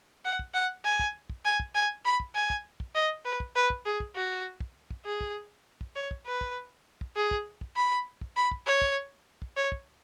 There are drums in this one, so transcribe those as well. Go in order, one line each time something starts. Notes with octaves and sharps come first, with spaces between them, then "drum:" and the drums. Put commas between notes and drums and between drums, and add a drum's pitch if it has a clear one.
F#5
drum: kick
F#5
G#5
drum: kick
drum: kick
G#5
drum: kick
G#5
B5
drum: kick
G#5
drum: kick
drum: kick
D#5
B4
drum: kick
B4
drum: kick
G#4
drum: kick
F#4
drum: kick
drum: kick
G#4
drum: kick
drum: kick
C#5
drum: kick
B4
drum: kick
drum: kick
G#4
drum: kick
drum: kick
B5
drum: kick
B5
drum: kick
C#5
drum: kick
drum: kick
C#5
drum: kick